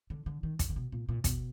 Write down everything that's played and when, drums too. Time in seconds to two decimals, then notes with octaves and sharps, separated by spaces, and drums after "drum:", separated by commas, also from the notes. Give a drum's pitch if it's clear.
0.10 D3
0.26 D3
0.43 D#3
0.59 D3, drum: kick, hi-hat
0.70 D3
0.76 B2
0.92 A#2
1.09 A#2
1.24 B2, drum: kick, hi-hat